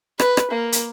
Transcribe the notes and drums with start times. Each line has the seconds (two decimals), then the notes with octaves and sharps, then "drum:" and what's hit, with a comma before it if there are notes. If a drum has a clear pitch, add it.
0.19 B4, drum: rim click
0.37 drum: rim click
0.51 A#3
0.72 drum: hi-hat